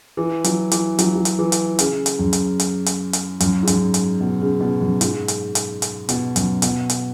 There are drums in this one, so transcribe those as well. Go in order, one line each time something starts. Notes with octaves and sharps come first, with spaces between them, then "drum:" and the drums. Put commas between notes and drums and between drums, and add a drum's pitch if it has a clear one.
E3
F#3, drum: hi-hat
E3, drum: hi-hat
F#3, drum: hi-hat
F#3
drum: hi-hat
E3
drum: hi-hat
C#3, drum: hi-hat
drum: hi-hat
F#2
drum: hi-hat
drum: hi-hat
drum: hi-hat
drum: hi-hat
F#2, drum: hi-hat
G#2
F#2, drum: hi-hat
drum: hi-hat
B2
C#3
B2
F#2
G#2, drum: hi-hat
drum: hi-hat
drum: hi-hat
drum: hi-hat
B2, drum: hi-hat
F#2, drum: hi-hat
B2, drum: hi-hat
drum: hi-hat